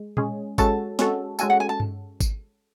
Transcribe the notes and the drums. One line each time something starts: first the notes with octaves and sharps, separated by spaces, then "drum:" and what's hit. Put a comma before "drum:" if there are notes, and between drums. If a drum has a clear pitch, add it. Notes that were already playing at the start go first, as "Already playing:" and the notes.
Already playing: G#3
G#3 C#4 G#4, drum: tom A#2
G#3 C#4 F#4 A4 A5, drum: kick G#1, tambourine
G#3 C#4 F#4 A4, drum: snare
G#3 C#4 F#4 A4 G#5, drum: tambourine
F#5
G#5
A5
drum: tom G2
drum: kick G#1, tambourine